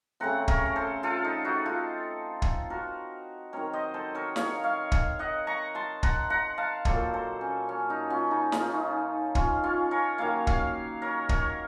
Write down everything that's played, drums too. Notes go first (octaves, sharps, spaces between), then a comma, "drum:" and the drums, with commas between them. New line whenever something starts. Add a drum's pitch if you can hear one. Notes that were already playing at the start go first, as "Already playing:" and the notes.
C#3 A3 C4 F#5 A#5
A#4 C#5, drum: kick
C#5
A4 C5
F4 A4
D#4
D#4 F#4
F4 A4
drum: kick
F#4 A#4
D#3 F#3 C4 A#4 C#5
C5 D#5
A4 C5
A#4 C#5
C#5 F5, drum: snare
C#5 F5
drum: kick
D#5 F#5
A#5 C#6
A5 C6
F#5 A#5, drum: kick
F#5 A#5
F5 A5
A#2 F#3 A#3 A4 C5, drum: kick
A4 C5
C#4
C#4
D#4
C#4 F4
D#4
F4, drum: snare
D#4
C#4
D#4
C#4 F4, drum: kick
C#4 F4
A#4 C#5
D#3 F#3 A#3 C#5 F5
C#5 F5, drum: kick
A#4 C#5
A#4 C#5, drum: kick